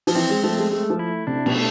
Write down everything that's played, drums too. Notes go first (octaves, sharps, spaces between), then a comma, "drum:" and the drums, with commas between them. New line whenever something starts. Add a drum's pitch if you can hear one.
F3, drum: open hi-hat
E3 C4
G#3
F3 A3
G#3
G#3 A3
F3
E4
C3 D4
B2, drum: cymbal
A3